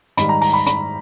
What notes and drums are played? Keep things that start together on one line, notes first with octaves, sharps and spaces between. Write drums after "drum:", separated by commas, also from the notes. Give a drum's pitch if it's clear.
G#2 D#3 G3 B5, drum: hi-hat
A#5
A#5, drum: open hi-hat
B5
B5, drum: hi-hat